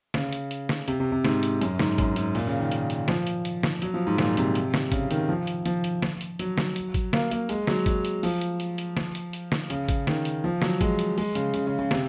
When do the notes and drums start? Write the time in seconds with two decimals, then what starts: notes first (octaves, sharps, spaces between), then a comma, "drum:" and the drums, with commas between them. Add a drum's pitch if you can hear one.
0.14 C#3, drum: snare
0.33 drum: hi-hat
0.51 drum: hi-hat
0.69 drum: snare
0.88 C3, drum: hi-hat
1.00 C3
1.12 C3
1.25 G#2, drum: snare
1.43 drum: hi-hat
1.61 F#2, drum: hi-hat
1.79 G#2, drum: snare
1.98 F#2, drum: kick G#1, hi-hat
2.16 G#2, drum: hi-hat
2.35 A#2, drum: open hi-hat
2.47 C#3
2.59 D#3
2.72 drum: hi-hat
2.90 drum: hi-hat
3.08 F3, drum: snare
3.27 drum: hi-hat
3.45 drum: hi-hat
3.63 drum: snare
3.82 F#3, drum: hi-hat
3.94 F3
4.07 G#2
4.18 A#2, drum: snare
4.37 C3, drum: hi-hat
4.55 drum: hi-hat
4.74 drum: snare
4.92 C#3, drum: kick G#1, hi-hat
5.11 D#3, drum: hi-hat
5.29 F3
5.47 drum: hi-hat
5.66 F3, drum: hi-hat
5.84 drum: hi-hat
6.02 drum: snare
6.21 drum: hi-hat
6.39 F#3, drum: hi-hat
6.58 drum: snare
6.76 drum: hi-hat
6.94 drum: kick G#1, hi-hat
7.13 A#3, drum: snare
7.31 A#3, drum: hi-hat
7.49 G#3, drum: hi-hat
7.67 F#3, drum: snare
7.86 F#3, drum: kick G#1, hi-hat
8.05 drum: hi-hat
8.23 F3, drum: open hi-hat
8.41 drum: hi-hat
8.60 drum: hi-hat
8.78 drum: hi-hat
8.97 drum: snare
9.15 drum: hi-hat
9.33 drum: hi-hat
9.52 drum: snare
9.70 C#3, drum: hi-hat
9.89 drum: kick G#1, hi-hat
10.07 D#3, drum: snare
10.25 drum: hi-hat
10.44 F3
10.62 F#3, drum: snare
10.81 G#3, drum: kick G#1, hi-hat
10.99 drum: hi-hat
11.18 G#3, drum: open hi-hat
11.35 C#3, drum: hi-hat
11.54 C#3, drum: hi-hat
11.67 C#3
11.79 C#3
11.91 C3, drum: snare